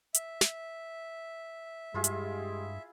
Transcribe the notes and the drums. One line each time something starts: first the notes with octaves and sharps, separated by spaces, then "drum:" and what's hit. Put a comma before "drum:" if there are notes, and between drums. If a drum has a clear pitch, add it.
E5, drum: hi-hat
drum: snare
G2 G#3 E4 F4 G4 G#4
drum: hi-hat